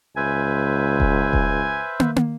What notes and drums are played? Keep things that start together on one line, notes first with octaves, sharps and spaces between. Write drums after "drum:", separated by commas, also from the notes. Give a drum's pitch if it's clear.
C#2 B4 C5 E5 G#5
drum: kick E1
drum: kick E1
drum: tom
drum: tom